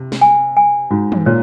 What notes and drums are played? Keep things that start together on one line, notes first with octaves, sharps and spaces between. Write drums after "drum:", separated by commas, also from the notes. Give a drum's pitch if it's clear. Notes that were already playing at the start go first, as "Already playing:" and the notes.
Already playing: C3
drum: snare
G#5
G#5
G#2 F#4
drum: tom
A#2 C#5